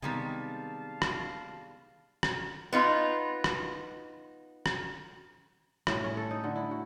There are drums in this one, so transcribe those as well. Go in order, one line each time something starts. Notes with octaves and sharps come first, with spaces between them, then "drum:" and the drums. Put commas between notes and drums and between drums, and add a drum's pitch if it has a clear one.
C3 D#3 G3 G#3 B3 F5 A5
drum: rim click
drum: rim click
B3 D#4 F4
drum: rim click
drum: rim click
A2, drum: rim click
C#4
A4
D#4
D3
E4
F#4